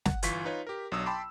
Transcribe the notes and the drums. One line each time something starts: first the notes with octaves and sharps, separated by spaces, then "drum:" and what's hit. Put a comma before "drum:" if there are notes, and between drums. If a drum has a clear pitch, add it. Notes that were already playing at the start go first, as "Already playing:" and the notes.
F#5, drum: snare
G1 E3 F4 C#6 B6, drum: hi-hat
D#4 F4 B4 C#5
G4 A#4
B1 F#3 D4 D#6 E6
G5 A5 B5 C6 D6